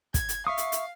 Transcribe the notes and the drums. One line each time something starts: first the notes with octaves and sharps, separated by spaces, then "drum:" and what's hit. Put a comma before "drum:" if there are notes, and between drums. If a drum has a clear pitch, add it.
G#6, drum: kick, hi-hat
drum: hi-hat
E5 F5 C#6 D#6
drum: hi-hat
drum: hi-hat